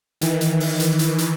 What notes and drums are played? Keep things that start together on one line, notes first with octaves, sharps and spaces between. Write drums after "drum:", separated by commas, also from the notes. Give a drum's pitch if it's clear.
D#3 E3, drum: hi-hat
drum: hi-hat
drum: open hi-hat
drum: hi-hat
drum: hi-hat
drum: hi-hat